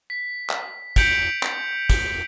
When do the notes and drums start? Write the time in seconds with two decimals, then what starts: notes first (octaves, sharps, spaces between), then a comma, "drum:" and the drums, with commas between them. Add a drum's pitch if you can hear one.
0.10 B6
0.50 drum: clap
0.96 G6 B6 C#7 D7 F7 F#7, drum: kick, hi-hat
1.43 drum: clap
1.90 drum: kick, hi-hat